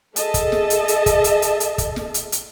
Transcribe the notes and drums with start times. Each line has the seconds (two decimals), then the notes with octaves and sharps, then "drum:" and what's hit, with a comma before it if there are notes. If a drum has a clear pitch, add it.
0.16 G#4 A4 D#5 E5 A5, drum: hi-hat
0.34 drum: kick, hi-hat
0.52 drum: snare
0.70 drum: hi-hat
0.88 drum: hi-hat
1.06 drum: kick, hi-hat
1.24 drum: hi-hat
1.42 drum: hi-hat
1.60 drum: hi-hat
1.78 drum: kick, hi-hat
1.96 drum: snare
2.14 drum: hi-hat
2.32 drum: hi-hat